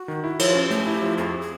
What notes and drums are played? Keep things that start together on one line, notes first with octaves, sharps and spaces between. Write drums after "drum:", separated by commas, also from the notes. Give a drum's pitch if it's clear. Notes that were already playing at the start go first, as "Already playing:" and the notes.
Already playing: F#4
D#3
E4
F3, drum: cymbal
C#4
A3 G4
E4
F3
F2 G#4
G#4